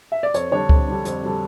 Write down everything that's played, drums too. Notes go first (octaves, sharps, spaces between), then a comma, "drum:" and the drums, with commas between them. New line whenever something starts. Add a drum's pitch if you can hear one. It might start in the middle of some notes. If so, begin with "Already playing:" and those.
E5
D5
F2 C#5, drum: hi-hat
D3 G3 D4 C#5
F2, drum: kick C#2
D3 G3 D4
F2, drum: hi-hat
D3 G3 D4